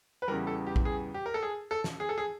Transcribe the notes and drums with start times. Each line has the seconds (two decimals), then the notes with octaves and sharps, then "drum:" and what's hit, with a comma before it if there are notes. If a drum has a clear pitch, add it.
0.22 B4
0.28 E2 C#3 E3 G3 A#4
0.47 A4
0.66 G4
0.76 drum: kick A#1
0.85 G#4
1.14 G4
1.26 A#4
1.34 A4
1.42 G#4
1.71 A4
1.84 drum: snare
2.00 G#4
2.09 A4
2.18 G#4